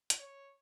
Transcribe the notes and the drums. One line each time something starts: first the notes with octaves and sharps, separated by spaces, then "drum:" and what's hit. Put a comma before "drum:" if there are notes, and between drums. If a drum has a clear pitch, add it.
drum: hi-hat
C#5